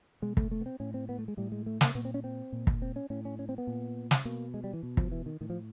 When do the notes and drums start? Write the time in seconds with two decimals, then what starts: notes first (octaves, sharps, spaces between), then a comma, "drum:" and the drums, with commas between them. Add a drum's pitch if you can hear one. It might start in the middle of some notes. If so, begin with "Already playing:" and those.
0.22 B2 G#3
0.37 A3, drum: kick
0.51 A3
0.61 B3
0.66 C4
0.80 A2 C#4
0.94 C4
1.09 B3
1.18 A3
1.28 G#3
1.37 A2 G3
1.52 G#3
1.66 A3
1.81 A#3, drum: snare
1.95 A#2 B3
2.05 C4
2.14 C#4
2.24 C4
2.52 A#2
2.67 drum: kick
2.82 C4
2.96 C#4
3.10 A2 C#4
3.25 C#4
3.39 C#4
3.49 C4
3.58 B3
3.67 A#2
4.11 drum: snare
4.25 B2 A#3
4.54 G#3
4.64 G3
4.73 E3
4.83 B2
4.97 F3, drum: kick
5.12 E3
5.26 D#3
5.41 A2 D#3
5.50 F3